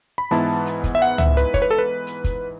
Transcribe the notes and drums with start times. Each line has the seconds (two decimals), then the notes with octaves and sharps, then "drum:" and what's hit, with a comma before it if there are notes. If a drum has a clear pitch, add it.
0.18 B5
0.31 G#2 E3 B3 E4 A5
0.66 drum: hi-hat
0.84 drum: kick, hi-hat
0.95 E5
1.02 F#5
1.18 E5, drum: tom C#2
1.37 B4, drum: hi-hat
1.54 C#5, drum: kick, hi-hat
1.62 B4
1.71 A4
1.78 B4
2.07 drum: hi-hat
2.24 drum: kick, hi-hat